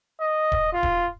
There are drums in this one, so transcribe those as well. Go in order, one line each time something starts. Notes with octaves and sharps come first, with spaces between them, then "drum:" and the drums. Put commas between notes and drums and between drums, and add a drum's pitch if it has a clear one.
D#5
drum: kick D#1
F4
drum: kick D#1